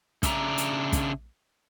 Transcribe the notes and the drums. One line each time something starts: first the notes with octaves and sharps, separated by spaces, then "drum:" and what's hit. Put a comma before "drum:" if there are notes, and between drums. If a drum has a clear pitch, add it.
C#3 D4 E5 A#5, drum: kick, hi-hat
drum: hi-hat
drum: kick, hi-hat